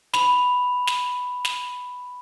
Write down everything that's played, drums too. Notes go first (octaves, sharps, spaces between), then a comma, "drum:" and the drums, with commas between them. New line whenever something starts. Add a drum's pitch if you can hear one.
B5 F7, drum: snare
drum: snare
drum: snare